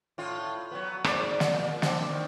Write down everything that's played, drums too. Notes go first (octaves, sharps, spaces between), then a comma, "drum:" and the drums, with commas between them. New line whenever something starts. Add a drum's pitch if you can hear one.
A2 F4
F#3 B3
G#2 D5, drum: rim click
drum: snare
A#2
C4 D4, drum: snare
D#3